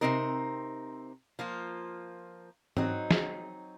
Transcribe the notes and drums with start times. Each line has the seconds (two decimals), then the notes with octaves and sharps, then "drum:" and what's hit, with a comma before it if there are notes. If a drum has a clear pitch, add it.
0.01 C3 F#3 C4 D#4 A#4
1.39 F3 A#3 F4
2.77 F#3 C4 D#4, drum: tom G#2
3.11 drum: snare